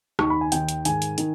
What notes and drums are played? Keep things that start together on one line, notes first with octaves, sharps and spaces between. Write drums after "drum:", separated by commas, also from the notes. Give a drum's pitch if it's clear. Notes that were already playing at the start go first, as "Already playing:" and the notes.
D#2 D#3 C#6, drum: rim click
B5
G#5
D#2 D#3 G5, drum: hi-hat
drum: hi-hat
G#2 D#3 G#5, drum: hi-hat
drum: hi-hat
D#3, drum: hi-hat